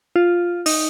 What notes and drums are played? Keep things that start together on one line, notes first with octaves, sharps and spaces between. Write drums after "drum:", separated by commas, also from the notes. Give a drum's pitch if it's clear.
F4
D#4, drum: open hi-hat